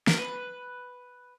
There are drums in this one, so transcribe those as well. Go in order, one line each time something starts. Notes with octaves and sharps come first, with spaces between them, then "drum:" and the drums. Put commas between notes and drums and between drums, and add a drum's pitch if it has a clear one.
A#4, drum: snare
B4